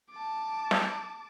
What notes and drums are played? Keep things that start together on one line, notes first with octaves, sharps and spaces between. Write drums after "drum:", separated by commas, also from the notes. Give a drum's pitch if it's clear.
A5 D6
drum: snare